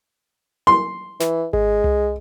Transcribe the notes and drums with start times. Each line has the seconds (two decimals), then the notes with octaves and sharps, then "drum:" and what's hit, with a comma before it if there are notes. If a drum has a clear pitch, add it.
0.67 C6
1.20 E3, drum: snare
1.53 G#3, drum: kick G#1
1.84 drum: tom C2